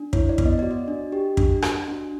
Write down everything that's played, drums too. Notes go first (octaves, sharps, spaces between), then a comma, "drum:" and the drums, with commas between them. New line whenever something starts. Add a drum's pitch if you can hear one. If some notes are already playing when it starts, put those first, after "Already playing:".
Already playing: D4
E4 C#5, drum: kick
D5
B3, drum: kick
D#5
F#4 D5
D#5
D4
G4
D4, drum: kick
F#4, drum: rim click
D4